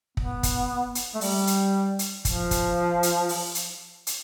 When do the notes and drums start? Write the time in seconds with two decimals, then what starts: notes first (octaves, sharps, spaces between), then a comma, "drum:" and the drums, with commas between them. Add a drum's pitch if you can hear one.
0.17 B3, drum: kick
0.43 drum: kick, hi-hat
0.95 drum: hi-hat
1.14 A3
1.21 G3, drum: open hi-hat
1.47 drum: hi-hat
1.99 drum: hi-hat
2.25 F3, drum: kick, hi-hat
2.51 drum: kick, hi-hat
3.03 drum: hi-hat
3.29 drum: open hi-hat
3.55 drum: hi-hat
4.07 drum: hi-hat